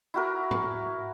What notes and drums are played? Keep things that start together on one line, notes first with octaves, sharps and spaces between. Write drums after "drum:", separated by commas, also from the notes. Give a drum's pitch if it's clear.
E4 F#4 A#4
drum: tom G#2